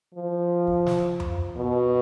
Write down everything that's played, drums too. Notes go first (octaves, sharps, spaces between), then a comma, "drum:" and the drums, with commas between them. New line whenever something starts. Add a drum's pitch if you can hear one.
F3
drum: kick
drum: snare
drum: tom F2
B2